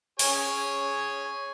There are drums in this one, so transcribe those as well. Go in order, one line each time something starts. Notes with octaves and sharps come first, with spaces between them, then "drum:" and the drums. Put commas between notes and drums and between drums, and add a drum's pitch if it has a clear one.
G#4 C#5 G#5, drum: open hi-hat